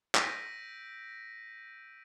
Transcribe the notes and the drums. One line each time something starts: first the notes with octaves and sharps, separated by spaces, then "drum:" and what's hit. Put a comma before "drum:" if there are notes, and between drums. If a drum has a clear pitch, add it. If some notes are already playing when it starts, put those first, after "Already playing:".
E6 G6 A#6 B6 D7 D#7, drum: clap